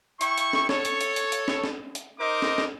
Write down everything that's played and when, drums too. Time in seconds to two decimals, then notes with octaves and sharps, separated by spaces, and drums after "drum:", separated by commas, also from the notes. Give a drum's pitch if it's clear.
0.21 E4 G5 C#6, drum: hi-hat
0.38 drum: hi-hat
0.53 drum: snare
0.69 A4 C#5, drum: snare
0.85 drum: hi-hat
1.01 drum: hi-hat
1.16 drum: hi-hat
1.32 drum: hi-hat
1.48 drum: snare
1.64 drum: snare
1.95 drum: hi-hat
2.19 D#4 A#4 C5 D#5 D6
2.42 drum: snare
2.58 drum: snare